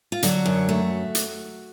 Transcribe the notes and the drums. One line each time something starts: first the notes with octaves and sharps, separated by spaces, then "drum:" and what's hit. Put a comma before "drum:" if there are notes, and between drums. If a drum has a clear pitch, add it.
F4
D3 F#3 F#4, drum: hi-hat
F#2
A3
drum: hi-hat